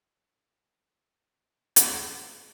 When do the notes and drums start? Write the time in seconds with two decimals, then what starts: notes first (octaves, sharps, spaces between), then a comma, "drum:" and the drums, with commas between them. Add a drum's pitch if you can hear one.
1.76 F4 G#4 B4 F5, drum: hi-hat